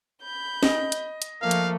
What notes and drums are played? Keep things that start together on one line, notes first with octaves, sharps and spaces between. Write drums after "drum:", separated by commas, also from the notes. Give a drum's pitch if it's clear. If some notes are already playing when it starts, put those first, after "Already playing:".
B5 G6
D#5, drum: snare
drum: hi-hat
drum: hi-hat
F3 A3 A#3 F5
drum: hi-hat